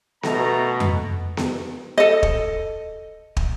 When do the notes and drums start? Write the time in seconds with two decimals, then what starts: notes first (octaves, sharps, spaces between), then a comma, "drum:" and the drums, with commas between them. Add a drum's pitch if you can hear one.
0.23 B2 A3 A#5, drum: snare B3
0.80 drum: tom F2
1.37 drum: snare B3
1.98 A4 D#5
2.23 drum: kick
3.37 drum: kick